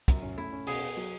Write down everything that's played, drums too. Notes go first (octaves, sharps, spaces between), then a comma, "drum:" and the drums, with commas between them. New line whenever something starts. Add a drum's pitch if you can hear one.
F#2, drum: kick, hi-hat
C#4
A3 E4
C#4
B2 G#4, drum: open hi-hat
B3
F#3